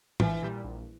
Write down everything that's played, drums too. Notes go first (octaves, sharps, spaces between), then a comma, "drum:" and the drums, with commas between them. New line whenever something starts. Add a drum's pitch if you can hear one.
A#1 E3, drum: tom
A#2 G3
A#1